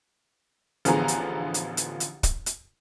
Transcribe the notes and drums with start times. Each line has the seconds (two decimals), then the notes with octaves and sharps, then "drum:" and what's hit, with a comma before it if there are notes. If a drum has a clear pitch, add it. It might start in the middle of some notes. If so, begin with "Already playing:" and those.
0.85 A1 D3 F3 B3 G#4 A#5, drum: hi-hat
1.08 drum: hi-hat
1.54 drum: hi-hat
1.77 drum: hi-hat
2.00 drum: hi-hat
2.23 drum: kick, hi-hat
2.46 drum: hi-hat